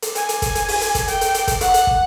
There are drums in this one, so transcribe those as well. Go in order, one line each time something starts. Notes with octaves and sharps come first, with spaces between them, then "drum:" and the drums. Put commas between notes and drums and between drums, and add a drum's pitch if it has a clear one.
drum: hi-hat
G#5, drum: hi-hat
drum: hi-hat
drum: kick, hi-hat
drum: hi-hat
drum: open hi-hat
drum: hi-hat
drum: kick, hi-hat
G5, drum: hi-hat
drum: hi-hat
drum: hi-hat
drum: kick, hi-hat
F#5, drum: hi-hat
drum: hi-hat
drum: kick